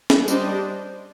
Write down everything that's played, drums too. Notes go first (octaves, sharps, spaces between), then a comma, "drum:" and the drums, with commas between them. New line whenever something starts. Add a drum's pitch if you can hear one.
drum: snare
G3 D4 G4 C5 D#5, drum: tambourine